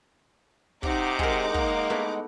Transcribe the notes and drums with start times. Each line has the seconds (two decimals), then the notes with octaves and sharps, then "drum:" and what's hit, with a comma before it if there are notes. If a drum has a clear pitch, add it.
0.83 C3 D#4 F#5 D6, drum: kick
1.19 G#3 G#4 A#4, drum: kick
1.54 A#3, drum: kick
1.90 A3 B3 E4